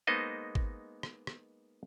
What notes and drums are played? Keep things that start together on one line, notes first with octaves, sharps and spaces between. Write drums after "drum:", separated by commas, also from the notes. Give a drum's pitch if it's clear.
G#3 A#3 B3 D#4 C5 D#5
drum: kick G#1
drum: rim click
drum: rim click